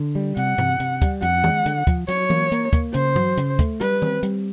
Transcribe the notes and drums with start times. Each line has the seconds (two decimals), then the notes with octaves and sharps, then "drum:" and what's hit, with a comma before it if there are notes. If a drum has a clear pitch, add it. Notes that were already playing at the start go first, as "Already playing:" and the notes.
Already playing: D3
0.15 G3
0.37 C3 F#5, drum: hi-hat
0.58 C3, drum: tom G2
0.80 C3, drum: hi-hat
1.02 G3, drum: kick, hi-hat
1.22 F2 F#5, drum: hi-hat
1.44 G#3, drum: tom D#3
1.66 D3, drum: hi-hat
1.87 F3, drum: kick, hi-hat
2.08 F#3 C#5, drum: hi-hat
2.30 A#3, drum: tom E3
2.52 A#3, drum: hi-hat
2.73 A#3, drum: kick, hi-hat
2.94 C#3 C5, drum: hi-hat
3.16 F#3, drum: tom G2
3.37 C#3, drum: hi-hat
3.59 A3, drum: kick, hi-hat
3.81 G3 B4, drum: hi-hat
4.02 C4, drum: tom D#3
4.23 G3, drum: hi-hat